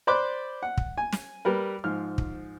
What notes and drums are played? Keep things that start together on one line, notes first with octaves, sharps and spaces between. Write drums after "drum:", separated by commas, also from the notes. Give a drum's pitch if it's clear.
C5 D5 B5 C6 D6 F#6
F#5
drum: kick
G#5
drum: snare
G3 A#4 B4
G#2 F3 F6
drum: kick